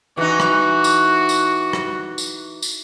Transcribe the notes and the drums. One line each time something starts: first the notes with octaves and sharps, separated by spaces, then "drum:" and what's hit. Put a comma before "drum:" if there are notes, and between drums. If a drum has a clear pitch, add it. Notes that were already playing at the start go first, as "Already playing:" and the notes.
E3 D#4 F#4
drum: rim click
drum: tambourine
drum: tambourine
drum: rim click
drum: tambourine
drum: tambourine